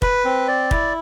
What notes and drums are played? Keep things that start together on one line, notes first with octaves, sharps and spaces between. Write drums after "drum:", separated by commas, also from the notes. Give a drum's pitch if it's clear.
B4, drum: kick
C4
D5
E4, drum: kick